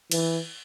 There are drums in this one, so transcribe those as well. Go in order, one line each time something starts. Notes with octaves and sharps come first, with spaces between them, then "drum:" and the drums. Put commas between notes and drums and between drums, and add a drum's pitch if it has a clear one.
E3, drum: cymbal